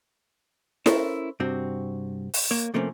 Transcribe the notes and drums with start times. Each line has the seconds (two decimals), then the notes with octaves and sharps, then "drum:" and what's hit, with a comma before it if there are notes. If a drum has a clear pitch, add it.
0.86 C#4 E4 A4 A#4 C5, drum: snare E4
1.40 G2 C3 C4 F#4
2.34 drum: open hi-hat
2.51 A#3 C#5
2.74 C3 F3 A3 A#3 C4 C#4